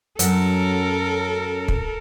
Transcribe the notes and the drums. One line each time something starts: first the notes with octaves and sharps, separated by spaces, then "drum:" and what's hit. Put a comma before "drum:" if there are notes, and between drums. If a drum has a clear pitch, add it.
F#2 A4 A#4, drum: hi-hat
drum: kick